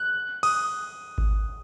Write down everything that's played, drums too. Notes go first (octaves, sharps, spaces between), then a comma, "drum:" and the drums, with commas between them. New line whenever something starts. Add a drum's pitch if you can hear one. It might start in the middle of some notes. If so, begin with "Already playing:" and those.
Already playing: F#6
D#6, drum: cymbal
drum: kick G#1